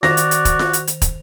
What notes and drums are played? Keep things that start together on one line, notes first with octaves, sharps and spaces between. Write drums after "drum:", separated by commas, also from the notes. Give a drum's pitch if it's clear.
D#3 F#4 C5 D5 A#6 F7, drum: snare F4
drum: hi-hat
drum: hi-hat
drum: kick, hi-hat
drum: snare F4
drum: hi-hat
drum: hi-hat
drum: kick, hi-hat